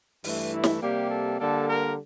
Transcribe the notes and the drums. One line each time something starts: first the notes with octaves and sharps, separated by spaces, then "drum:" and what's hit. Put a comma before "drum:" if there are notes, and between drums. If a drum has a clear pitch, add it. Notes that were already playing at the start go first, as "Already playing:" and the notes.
G2 E3 A3, drum: open hi-hat
E4
drum: snare
C3 G3 A#3 G4
A4
D3 G3 A#3 A4
A#4